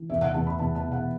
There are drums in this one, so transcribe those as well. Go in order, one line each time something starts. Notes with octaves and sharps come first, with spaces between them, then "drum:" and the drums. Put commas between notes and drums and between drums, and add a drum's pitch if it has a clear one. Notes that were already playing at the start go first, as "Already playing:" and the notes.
Already playing: E3
E2 E5
F#5, drum: tom C3
E2 A5
B5
E2 A5
A5
B2
F#5